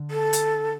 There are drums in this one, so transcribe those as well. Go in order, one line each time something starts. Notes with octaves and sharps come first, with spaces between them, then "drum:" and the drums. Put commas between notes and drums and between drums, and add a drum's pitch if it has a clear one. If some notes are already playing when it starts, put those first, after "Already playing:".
Already playing: D3
A4
drum: hi-hat